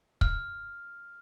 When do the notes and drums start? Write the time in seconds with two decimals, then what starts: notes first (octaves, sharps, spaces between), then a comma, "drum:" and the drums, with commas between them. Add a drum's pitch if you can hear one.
0.21 F6, drum: kick